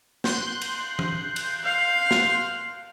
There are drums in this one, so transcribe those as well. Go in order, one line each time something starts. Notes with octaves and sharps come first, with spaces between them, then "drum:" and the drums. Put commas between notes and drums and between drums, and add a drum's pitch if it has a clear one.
C6 F#6 G6, drum: snare
drum: cymbal
drum: tom E3
drum: cymbal
F5
drum: snare